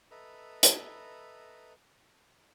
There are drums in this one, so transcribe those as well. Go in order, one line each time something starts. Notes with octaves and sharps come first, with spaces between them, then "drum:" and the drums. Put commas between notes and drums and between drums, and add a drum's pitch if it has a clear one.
A4 B4 D#5 E5 A#5 B5
drum: hi-hat